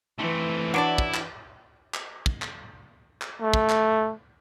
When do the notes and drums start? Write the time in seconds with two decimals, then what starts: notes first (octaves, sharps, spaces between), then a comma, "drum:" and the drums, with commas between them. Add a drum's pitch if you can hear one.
0.19 E3 A3 C4
0.74 F#3 D4 E4 D5 F#5 D6 D7
0.98 drum: kick
1.14 drum: clap
1.94 drum: clap
2.26 drum: kick
2.42 drum: clap
3.22 drum: clap
3.41 A3
3.54 drum: kick
3.69 drum: clap